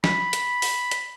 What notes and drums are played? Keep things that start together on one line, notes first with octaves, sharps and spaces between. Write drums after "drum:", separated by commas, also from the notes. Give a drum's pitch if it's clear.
B5, drum: snare
drum: hi-hat
drum: open hi-hat
drum: hi-hat